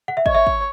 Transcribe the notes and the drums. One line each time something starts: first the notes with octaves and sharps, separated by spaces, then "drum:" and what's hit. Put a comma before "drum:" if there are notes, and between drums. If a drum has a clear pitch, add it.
F#5
E5
C#5 D#5, drum: kick
E5
drum: kick